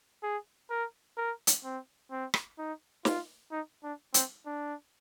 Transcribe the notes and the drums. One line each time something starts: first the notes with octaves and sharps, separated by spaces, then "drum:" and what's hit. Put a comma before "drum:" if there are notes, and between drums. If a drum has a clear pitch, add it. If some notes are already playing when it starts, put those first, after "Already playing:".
G#4
A#4
A#4
drum: hi-hat
C4
C4
drum: rim click
D#4
F4, drum: snare
D#4
D4
C4, drum: hi-hat
D4